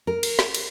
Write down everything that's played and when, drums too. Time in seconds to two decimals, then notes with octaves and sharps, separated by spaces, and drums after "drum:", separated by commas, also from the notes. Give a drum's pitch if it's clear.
0.07 A#4
0.23 drum: cymbal
0.39 drum: snare
0.54 drum: cymbal